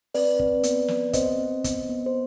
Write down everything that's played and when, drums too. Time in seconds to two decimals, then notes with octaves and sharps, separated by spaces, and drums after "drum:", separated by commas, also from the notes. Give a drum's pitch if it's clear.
0.14 C4 B4 D5, drum: open hi-hat
0.39 C4, drum: kick
0.63 B3, drum: hi-hat
0.88 B3, drum: snare
1.13 C4 C5 D#5, drum: kick, hi-hat
1.39 C4
1.64 B3, drum: kick, hi-hat
1.89 B3
2.06 C5